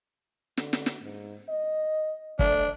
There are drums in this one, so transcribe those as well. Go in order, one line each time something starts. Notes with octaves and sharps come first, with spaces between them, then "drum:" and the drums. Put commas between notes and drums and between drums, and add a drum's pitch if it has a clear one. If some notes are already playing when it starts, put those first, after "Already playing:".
D3, drum: snare
drum: snare
drum: snare
G#2
D#5
A3 D4, drum: kick